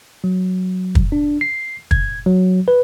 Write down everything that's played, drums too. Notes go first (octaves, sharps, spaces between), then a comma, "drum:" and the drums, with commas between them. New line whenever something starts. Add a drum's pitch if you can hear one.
F#3
drum: kick
D4
C7
G#6, drum: kick
F#3
B4